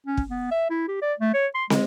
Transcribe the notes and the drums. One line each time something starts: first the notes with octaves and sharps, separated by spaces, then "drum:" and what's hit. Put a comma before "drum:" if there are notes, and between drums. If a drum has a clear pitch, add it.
C#4
drum: kick
B3
E5
E4
G4
D5
A3
C#5
C6
G#3, drum: snare